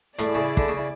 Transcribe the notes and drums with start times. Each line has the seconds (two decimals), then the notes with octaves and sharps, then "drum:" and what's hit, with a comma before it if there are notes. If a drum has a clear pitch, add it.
0.18 A2 E4 G#4 D5, drum: hi-hat
0.35 C#3
0.57 D3, drum: kick
0.68 C#3